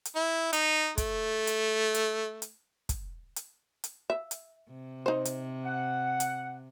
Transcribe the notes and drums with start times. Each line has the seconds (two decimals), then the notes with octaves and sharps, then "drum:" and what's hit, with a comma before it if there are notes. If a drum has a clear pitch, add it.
0.05 drum: hi-hat
0.16 E4
0.53 D#4, drum: hi-hat
0.98 A3, drum: kick, hi-hat
1.47 drum: hi-hat
1.95 drum: hi-hat
2.42 drum: hi-hat
2.89 drum: kick, hi-hat
3.36 drum: hi-hat
3.84 drum: hi-hat
4.10 E5
4.31 drum: hi-hat
4.69 C3
5.06 D#4 C5
5.25 drum: hi-hat
5.65 F#5
6.20 drum: hi-hat